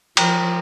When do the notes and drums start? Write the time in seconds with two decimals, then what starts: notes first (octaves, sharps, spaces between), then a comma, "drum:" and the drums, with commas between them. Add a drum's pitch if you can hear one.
0.17 F3 G5 A#5, drum: cymbal